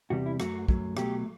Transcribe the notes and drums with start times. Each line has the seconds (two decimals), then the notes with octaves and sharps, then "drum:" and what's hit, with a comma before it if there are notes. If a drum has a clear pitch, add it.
0.10 E2 C3 G3 F#4
0.26 E4
0.40 F#2 F#3 A3 F#4, drum: rim click
0.68 F#2 F#3 A3, drum: kick
0.97 B2 F#3 A3 G4, drum: rim click